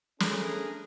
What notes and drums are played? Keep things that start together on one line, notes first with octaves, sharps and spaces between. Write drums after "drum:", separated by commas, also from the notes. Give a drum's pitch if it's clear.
A3 C#4 D4 G#4 A#4 B4, drum: snare